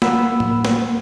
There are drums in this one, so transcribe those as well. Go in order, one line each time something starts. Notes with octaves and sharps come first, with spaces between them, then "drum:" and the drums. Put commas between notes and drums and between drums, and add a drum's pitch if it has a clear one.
A#3 F#5 B5 E6, drum: snare
drum: tom A2
drum: snare